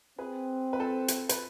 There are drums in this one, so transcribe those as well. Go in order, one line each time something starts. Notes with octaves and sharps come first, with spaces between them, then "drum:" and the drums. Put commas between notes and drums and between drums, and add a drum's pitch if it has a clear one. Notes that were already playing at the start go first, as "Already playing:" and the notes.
C4 G#4 B4
B4
A4 C5
drum: hi-hat
B4, drum: hi-hat